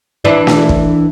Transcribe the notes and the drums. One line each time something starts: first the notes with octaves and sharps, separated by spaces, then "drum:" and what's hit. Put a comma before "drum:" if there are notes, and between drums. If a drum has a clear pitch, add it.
E3 D4 B4
drum: snare
drum: kick